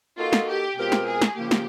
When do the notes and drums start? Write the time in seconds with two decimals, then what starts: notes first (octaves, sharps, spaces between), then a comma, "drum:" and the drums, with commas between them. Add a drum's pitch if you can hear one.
0.18 A#3 D#4 F4 F#4 A4
0.33 drum: snare
0.47 G4
0.77 B2 G#3 C4 F4 G4 A#4
0.92 drum: snare
1.06 G#4
1.22 drum: snare
1.36 C#3 F3 A#3 G4
1.51 drum: snare